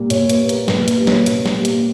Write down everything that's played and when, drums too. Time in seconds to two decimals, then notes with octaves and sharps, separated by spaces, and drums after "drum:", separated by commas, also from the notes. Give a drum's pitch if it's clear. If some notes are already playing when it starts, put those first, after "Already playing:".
Already playing: A#2 G3 A#3
0.10 A#2 C#5, drum: hi-hat
0.30 B4, drum: hi-hat
0.39 G3 A#3
0.49 A#4, drum: hi-hat
0.68 A#2 B4, drum: snare
0.88 B4, drum: hi-hat
0.97 G3 A#3
1.07 C#5, drum: snare
1.26 A#2, drum: hi-hat
1.46 drum: snare
1.55 G3 A#3
1.65 drum: hi-hat